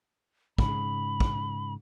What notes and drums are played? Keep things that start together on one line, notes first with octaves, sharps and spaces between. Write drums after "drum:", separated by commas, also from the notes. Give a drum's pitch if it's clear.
G#2 C#3 B5, drum: kick
drum: kick